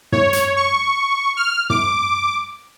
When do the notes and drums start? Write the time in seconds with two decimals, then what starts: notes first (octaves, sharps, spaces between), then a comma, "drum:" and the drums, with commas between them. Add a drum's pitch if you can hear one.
0.12 C#5, drum: tom
0.33 drum: hi-hat
0.56 C#6
1.37 F6
1.70 D6, drum: tom